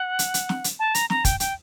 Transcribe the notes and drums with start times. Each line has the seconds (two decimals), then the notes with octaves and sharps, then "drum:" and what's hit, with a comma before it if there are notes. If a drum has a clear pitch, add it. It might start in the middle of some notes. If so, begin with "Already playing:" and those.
Already playing: F#5
0.19 drum: hi-hat
0.34 drum: hi-hat
0.49 drum: snare
0.64 drum: hi-hat
0.79 A5
0.95 A#5, drum: hi-hat
1.10 A#5, drum: snare
1.25 G5, drum: kick, hi-hat
1.40 G5, drum: hi-hat